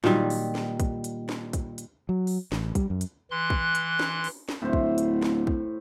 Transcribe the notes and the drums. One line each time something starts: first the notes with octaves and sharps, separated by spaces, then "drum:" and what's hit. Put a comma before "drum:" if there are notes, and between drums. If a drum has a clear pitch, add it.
A#2 D#3 F#3 G3, drum: snare
drum: open hi-hat
drum: snare
drum: kick, hi-hat
drum: hi-hat
drum: snare
drum: kick, hi-hat
drum: hi-hat
F#3
drum: open hi-hat
A1, drum: snare
G3, drum: kick, hi-hat
F#2
drum: hi-hat
E3 C6 F#6
drum: kick
drum: hi-hat
drum: snare
drum: open hi-hat
drum: snare
D1 A2 C5
drum: kick
drum: hi-hat
drum: snare
drum: kick